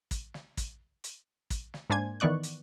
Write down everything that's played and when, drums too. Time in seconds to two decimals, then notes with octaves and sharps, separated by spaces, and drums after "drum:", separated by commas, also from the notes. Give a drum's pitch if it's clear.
0.11 drum: kick, hi-hat
0.34 drum: snare
0.57 drum: kick, hi-hat
1.04 drum: hi-hat
1.50 drum: kick, hi-hat
1.74 drum: snare
1.90 G#2 A#3 D4 C5 G#5 G#6
2.20 D#3 E3 B3 D5 C#6 F#6
2.43 drum: hi-hat